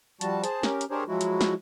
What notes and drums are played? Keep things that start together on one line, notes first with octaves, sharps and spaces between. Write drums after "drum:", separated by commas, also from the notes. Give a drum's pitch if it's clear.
F3 G3 F#4 A5, drum: hi-hat
G#4 C5 A5, drum: hi-hat
C#4 G4 A#4, drum: snare
drum: hi-hat
D4 G4 G#4 A#4 C5 C#5
F3 F#3 G#3 E4 F#4
drum: hi-hat
drum: snare